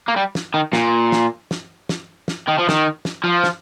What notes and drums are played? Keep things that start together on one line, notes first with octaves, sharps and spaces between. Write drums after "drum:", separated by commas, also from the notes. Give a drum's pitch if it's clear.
A#3
G3
drum: snare
D#3
A#2, drum: snare
drum: snare
drum: snare
drum: snare
drum: snare
D#3
F3
D#3, drum: snare
drum: snare
F3
drum: snare